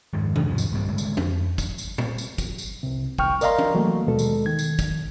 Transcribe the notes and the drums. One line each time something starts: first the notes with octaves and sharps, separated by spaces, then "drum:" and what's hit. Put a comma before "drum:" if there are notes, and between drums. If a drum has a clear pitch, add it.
F2 G#2 D#3 G#3
C3 D#3 G#3, drum: tom
E2 G#2 C3 F3
drum: tambourine
G#1 G2 G3 A#3
G#2 D3 G#3 A3
drum: tambourine
F2, drum: tom
drum: kick, tambourine
drum: tambourine
drum: tom A#2
drum: tambourine
drum: kick, tambourine
drum: tambourine
C2 C3
C2 G5 C#6 F6, drum: kick
A#4 D5 D#5 F5 A#5 C6, drum: tambourine
drum: tom
E3 F#3 A3 A#3
D#2 B2 G#3 A4
drum: tambourine
D#3 G#6
drum: tambourine
drum: kick, tambourine